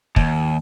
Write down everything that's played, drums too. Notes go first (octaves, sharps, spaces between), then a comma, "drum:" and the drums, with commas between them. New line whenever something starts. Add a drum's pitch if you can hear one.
D#2, drum: kick